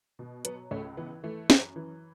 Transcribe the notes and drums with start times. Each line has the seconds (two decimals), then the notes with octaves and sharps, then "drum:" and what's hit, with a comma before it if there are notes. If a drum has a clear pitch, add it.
0.19 B2
0.45 F#3 B3, drum: hi-hat
0.71 C#2 A3 C#4
0.97 E3 B3
1.23 E3 A3
1.50 F#2, drum: snare
1.76 E3